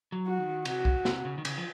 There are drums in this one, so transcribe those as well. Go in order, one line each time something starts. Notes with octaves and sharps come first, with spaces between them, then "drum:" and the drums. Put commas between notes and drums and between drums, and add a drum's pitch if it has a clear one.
F#3
F#4
D#3
C3 F#4, drum: cymbal
drum: kick
C3, drum: snare
C#3
D#3
C#3, drum: cymbal
F3